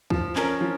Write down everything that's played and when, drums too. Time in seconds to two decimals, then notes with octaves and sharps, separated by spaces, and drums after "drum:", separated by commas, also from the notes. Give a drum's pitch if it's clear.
0.10 F3, drum: kick
0.36 C#4 A#4, drum: clap
0.61 F3